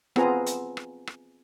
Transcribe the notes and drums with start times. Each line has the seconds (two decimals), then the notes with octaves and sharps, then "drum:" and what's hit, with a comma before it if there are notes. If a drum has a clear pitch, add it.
0.16 B3 C4 F4 G#4 A#5, drum: rim click
0.46 drum: hi-hat
0.77 drum: rim click
1.07 drum: rim click